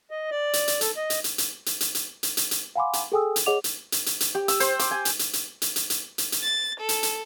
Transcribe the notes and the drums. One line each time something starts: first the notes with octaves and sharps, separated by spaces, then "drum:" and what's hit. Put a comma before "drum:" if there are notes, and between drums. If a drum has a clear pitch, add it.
D#5
D5
drum: hi-hat
drum: hi-hat
A4, drum: hi-hat
D#5
drum: hi-hat
drum: hi-hat
drum: hi-hat
drum: hi-hat
drum: hi-hat
drum: hi-hat
drum: hi-hat
drum: hi-hat
drum: hi-hat
F5 F#5 G#5 B5 C6 D6
drum: hi-hat
G#4 A4 G5 G#5 D#6 E6
drum: hi-hat
G#4 C#5 D#5 F#5 D6 F7
drum: hi-hat
drum: hi-hat
drum: hi-hat
drum: hi-hat
G4
E6, drum: hi-hat
C5, drum: hi-hat
D6, drum: hi-hat
G#5
drum: hi-hat
drum: hi-hat
drum: hi-hat
drum: hi-hat
drum: hi-hat
drum: hi-hat
drum: hi-hat
drum: hi-hat
A6
A4
drum: hi-hat
drum: hi-hat